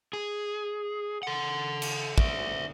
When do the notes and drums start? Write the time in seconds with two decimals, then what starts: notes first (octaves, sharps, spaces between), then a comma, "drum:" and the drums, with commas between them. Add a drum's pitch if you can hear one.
0.13 G#4
1.23 A4 F#5
1.82 drum: cymbal
2.18 D5 E5, drum: kick